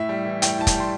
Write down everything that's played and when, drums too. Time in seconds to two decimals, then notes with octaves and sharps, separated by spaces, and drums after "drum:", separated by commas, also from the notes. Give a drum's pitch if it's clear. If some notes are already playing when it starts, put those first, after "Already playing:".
Already playing: A2 E5
0.09 G3
0.25 E3
0.42 A2 G5, drum: hi-hat
0.58 A2 A5
0.67 G5, drum: kick, hi-hat
0.74 G3
0.80 C6